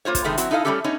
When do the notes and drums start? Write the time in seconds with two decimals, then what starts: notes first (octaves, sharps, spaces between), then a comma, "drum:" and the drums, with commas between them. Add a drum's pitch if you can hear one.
0.05 A#3 F4 C5 C#5
0.15 drum: kick, hi-hat
0.24 C3 D#3 G#3 A3 B3
0.37 F#3 C4 E4 F#4, drum: hi-hat
0.51 D#4 E4 A4 D#5 F5
0.65 G3 A3 A#3 C#4 G4 A4
0.84 B3 C#4 D#4 C#5